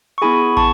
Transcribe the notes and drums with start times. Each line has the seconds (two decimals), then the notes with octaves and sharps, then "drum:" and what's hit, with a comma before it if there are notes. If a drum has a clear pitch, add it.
0.18 C#6
0.22 B3 E4 G#4 G#5 B5
0.57 A5 C#6, drum: kick